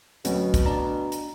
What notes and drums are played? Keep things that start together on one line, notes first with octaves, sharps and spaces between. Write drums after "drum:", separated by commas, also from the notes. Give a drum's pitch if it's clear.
D2 B2 F#3 C4 C#4, drum: hi-hat
drum: kick, hi-hat
D4 A5 A#5
drum: hi-hat